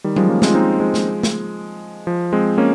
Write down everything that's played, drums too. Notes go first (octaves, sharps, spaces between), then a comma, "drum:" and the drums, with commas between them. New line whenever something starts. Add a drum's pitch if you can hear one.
D#3 G3
F3 G#3, drum: tom F#3
A#3 C#4
G#3 C4, drum: snare
F4
C4 D#4
F3 G#3
drum: snare
drum: snare
F3
G#3 C4
A#3 C#4